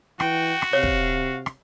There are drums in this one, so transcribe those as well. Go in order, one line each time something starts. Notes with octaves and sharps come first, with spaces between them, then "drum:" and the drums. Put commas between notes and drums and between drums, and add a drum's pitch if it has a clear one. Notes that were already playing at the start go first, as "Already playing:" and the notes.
E3 F#4 G5, drum: rim click
drum: rim click
C3 C#5 F5
drum: kick
drum: rim click